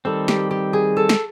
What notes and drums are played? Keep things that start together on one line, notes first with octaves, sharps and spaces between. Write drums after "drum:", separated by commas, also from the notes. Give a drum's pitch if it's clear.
D#3 G3 C4 A4
G4, drum: snare
G4
G#4
A4
drum: snare